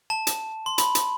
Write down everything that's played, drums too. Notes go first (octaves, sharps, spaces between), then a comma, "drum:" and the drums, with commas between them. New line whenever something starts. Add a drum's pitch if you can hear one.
A5
drum: hi-hat
C6
B5, drum: hi-hat
drum: hi-hat